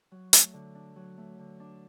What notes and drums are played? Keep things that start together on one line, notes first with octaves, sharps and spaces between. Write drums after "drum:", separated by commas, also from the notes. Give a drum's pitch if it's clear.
F#3
A3, drum: hi-hat
D3
D4
F#3
A3
D3
D4